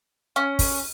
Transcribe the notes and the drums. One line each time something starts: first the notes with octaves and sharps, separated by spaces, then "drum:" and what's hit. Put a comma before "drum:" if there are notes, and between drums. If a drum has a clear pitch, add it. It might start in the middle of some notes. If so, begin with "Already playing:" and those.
C#4
drum: kick, open hi-hat